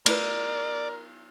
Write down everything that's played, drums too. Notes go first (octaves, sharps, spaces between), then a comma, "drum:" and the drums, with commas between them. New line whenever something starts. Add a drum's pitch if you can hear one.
A3 E4 A#4 B4 D5, drum: cymbal